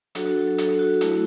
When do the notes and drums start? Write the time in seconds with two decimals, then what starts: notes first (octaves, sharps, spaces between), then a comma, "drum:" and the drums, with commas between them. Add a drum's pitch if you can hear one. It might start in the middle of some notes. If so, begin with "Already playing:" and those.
0.15 F#3 D4 F#4 A4, drum: hi-hat
0.26 F#4
0.37 A4
0.47 A4
0.58 A4, drum: hi-hat
0.79 F#4
1.01 A3 E4 F#4, drum: hi-hat